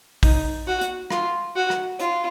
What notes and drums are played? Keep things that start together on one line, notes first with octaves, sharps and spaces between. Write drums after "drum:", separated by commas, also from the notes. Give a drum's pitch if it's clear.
D#4, drum: kick, open hi-hat
F#4
drum: hi-hat
F4, drum: rim click
F#4
drum: rim click
F4, drum: hi-hat